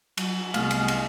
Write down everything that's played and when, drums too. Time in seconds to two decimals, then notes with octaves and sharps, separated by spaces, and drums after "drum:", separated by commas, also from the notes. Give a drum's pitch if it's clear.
0.17 F#3, drum: cymbal
0.54 C2 G#3 A3 B3 F5, drum: cymbal
0.71 drum: cymbal
0.88 drum: cymbal